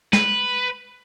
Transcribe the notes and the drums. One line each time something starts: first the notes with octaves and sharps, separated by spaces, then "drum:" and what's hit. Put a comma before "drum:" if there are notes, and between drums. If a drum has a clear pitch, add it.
B4, drum: snare